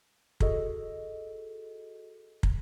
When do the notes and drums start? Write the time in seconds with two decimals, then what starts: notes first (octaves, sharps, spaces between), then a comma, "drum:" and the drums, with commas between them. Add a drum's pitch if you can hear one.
0.40 F#4 G#4 A4 D#5, drum: kick
2.43 drum: kick